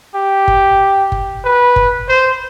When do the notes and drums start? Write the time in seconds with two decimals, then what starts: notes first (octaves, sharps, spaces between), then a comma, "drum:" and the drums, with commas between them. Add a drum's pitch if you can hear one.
0.15 G4
0.48 drum: kick G1
1.12 drum: kick G1
1.44 B4
1.76 drum: kick G1
2.09 C5